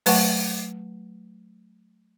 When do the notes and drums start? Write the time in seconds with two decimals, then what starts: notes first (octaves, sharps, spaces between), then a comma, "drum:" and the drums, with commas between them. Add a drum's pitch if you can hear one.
0.06 F#3 A3 B4 F#5 A5 C#6, drum: open hi-hat